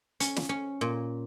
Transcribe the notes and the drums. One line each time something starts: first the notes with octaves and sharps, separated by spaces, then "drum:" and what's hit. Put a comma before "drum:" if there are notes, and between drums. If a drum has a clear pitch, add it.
C#4, drum: hi-hat
drum: snare
C#4
A#2